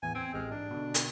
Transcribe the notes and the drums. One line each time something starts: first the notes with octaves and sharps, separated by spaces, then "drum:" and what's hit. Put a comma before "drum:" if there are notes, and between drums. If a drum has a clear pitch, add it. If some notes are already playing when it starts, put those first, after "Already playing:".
E2 A2 E3 G#5
C4 G#6
A1 G#3 G4 F6
G#2 D4
B2 D3
drum: hi-hat